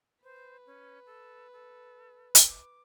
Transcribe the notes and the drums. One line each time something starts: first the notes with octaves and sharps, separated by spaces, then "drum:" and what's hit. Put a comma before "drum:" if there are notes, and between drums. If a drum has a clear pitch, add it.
B4 C5
C#4
A4
A4
drum: hi-hat
D6